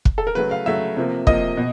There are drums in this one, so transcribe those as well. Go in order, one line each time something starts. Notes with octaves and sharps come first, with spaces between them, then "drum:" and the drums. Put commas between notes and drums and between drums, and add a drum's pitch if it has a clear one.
drum: kick
A4
A#4
C#3 F#3 A3 B4
F5
C#3 F#3 A3 E5
C3 F3 A#3
C3 F3 A#3 D#5, drum: kick
B2